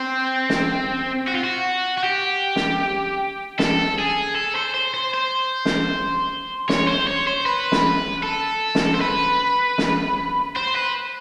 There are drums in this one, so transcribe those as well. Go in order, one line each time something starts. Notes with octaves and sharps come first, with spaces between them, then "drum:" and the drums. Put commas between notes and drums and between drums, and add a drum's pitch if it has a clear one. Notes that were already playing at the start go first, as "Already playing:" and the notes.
Already playing: C4
drum: snare
F#4
F4
F#4
F#4
G4
drum: snare
A4, drum: snare
G#4
A4
C5
C5
C5
C5
drum: snare
C#5, drum: snare
C5
C#5
C5
B4
drum: snare
A4
drum: snare
C5
B4
drum: snare
C5
B4